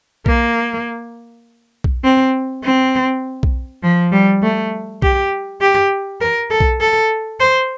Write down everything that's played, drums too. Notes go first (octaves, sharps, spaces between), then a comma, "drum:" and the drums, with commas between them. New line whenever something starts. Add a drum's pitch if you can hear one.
A#3, drum: kick B1
drum: kick B1
C4
C4
drum: kick B1
F3
G3
A3
G4, drum: kick B1
G4
A#4
A4
drum: kick B1
A4
C5